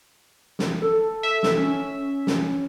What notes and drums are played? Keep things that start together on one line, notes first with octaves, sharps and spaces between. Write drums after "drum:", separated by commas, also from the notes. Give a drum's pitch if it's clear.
drum: snare
A4
E5
drum: snare
C#4
drum: snare